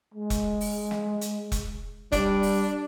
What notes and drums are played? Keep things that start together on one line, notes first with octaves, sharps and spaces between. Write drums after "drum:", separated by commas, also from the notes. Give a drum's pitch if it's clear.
G#3
drum: kick E1, hi-hat
drum: open hi-hat
drum: snare
drum: hi-hat
drum: kick E1, hi-hat
G3 D4, drum: kick E1, hi-hat
drum: open hi-hat